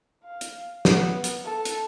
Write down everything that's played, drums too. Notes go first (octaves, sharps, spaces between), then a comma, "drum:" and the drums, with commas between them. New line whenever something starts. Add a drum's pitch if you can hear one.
F5
drum: hi-hat
B3, drum: snare
drum: hi-hat
A4
drum: hi-hat